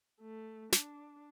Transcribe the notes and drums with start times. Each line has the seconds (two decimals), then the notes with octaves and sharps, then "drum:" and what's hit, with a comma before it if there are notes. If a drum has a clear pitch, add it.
0.21 A3
0.72 D4, drum: snare